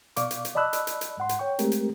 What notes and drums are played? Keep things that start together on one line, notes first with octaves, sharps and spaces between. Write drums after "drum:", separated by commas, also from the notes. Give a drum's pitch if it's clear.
B2 D5 F5 C#6 D6, drum: hi-hat
drum: hi-hat
drum: hi-hat
D5 D#5 A5 B5 E6 F#6
drum: hi-hat
drum: hi-hat
drum: hi-hat
G#2 F#5 C6
drum: hi-hat
C#5 G5 C#6
G#3 A3 C4 G4 A#4, drum: hi-hat
drum: hi-hat